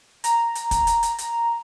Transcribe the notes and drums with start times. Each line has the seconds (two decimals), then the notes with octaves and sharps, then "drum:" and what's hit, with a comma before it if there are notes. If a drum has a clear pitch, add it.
0.24 A#5, drum: hi-hat
0.55 drum: hi-hat
0.71 drum: kick, hi-hat
0.87 drum: hi-hat
1.03 drum: hi-hat
1.18 drum: hi-hat